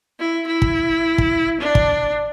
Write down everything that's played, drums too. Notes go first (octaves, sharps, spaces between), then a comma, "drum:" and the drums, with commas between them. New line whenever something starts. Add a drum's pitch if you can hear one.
E4
E4
drum: kick
drum: kick
D4
drum: kick